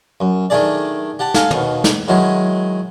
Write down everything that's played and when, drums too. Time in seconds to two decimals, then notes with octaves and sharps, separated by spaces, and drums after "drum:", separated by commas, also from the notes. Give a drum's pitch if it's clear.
0.20 F#2
0.50 D#3 A3 D4 G#4 D5
1.19 G4 F#5 A5
1.34 A4 F5 G#5, drum: snare
1.51 D#2 B2, drum: tom
1.84 drum: snare
2.08 D#3 F#3 G#3 E4 G#4